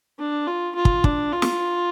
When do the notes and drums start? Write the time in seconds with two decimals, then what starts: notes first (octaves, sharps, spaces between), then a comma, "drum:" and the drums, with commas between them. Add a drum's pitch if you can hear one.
0.19 D4
0.47 F4
0.75 F4
0.85 drum: kick
1.04 D4, drum: kick
1.32 F4
1.42 drum: snare